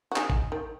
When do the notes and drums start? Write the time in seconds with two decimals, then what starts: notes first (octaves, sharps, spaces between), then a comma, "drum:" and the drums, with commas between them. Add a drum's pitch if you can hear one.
0.12 F#4
0.16 D#4 G#4, drum: clap
0.30 drum: kick G#1
0.52 D#3